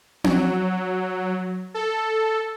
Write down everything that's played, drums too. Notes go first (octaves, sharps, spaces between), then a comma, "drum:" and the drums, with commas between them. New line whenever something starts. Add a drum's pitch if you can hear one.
F#3, drum: tom C4
A4